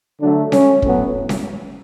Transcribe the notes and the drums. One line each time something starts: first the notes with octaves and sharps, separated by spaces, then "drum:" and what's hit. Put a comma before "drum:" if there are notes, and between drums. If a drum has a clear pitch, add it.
D3 F#3 A3 D4
C#4, drum: snare C#4
A2 F#3 B3, drum: kick
drum: snare C#4